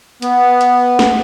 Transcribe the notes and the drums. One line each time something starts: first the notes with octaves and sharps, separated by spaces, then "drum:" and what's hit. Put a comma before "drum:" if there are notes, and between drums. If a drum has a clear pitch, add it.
B3, drum: hi-hat
drum: hi-hat
drum: snare